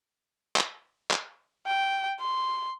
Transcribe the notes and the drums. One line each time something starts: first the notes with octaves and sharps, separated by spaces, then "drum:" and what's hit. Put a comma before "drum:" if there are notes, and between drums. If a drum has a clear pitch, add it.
drum: clap
drum: clap
G5
C6